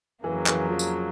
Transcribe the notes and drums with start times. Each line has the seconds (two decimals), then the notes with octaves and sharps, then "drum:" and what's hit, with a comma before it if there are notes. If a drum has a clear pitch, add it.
0.24 F2 C#3 E3 F#3 A#3
0.46 E3, drum: clap
0.69 F3
0.79 drum: tambourine